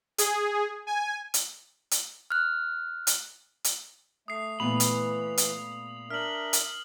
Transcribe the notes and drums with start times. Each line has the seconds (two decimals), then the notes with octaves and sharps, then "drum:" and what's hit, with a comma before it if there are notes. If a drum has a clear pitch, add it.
0.18 G#4, drum: hi-hat
0.87 G#5
1.34 drum: hi-hat
1.91 drum: hi-hat
2.30 F6 F#6
3.07 drum: hi-hat
3.64 drum: hi-hat
4.28 A3 D#6 C7
4.60 A#2 E3 A3 B3 B5 F7
4.80 drum: hi-hat
5.37 drum: hi-hat
6.11 D4 A#4 E5 F6 F#7
6.53 drum: hi-hat